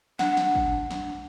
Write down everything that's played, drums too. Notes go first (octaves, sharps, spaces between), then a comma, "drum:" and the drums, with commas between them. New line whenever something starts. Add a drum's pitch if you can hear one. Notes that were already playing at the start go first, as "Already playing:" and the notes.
D4 F#5, drum: snare
drum: snare
drum: kick
drum: snare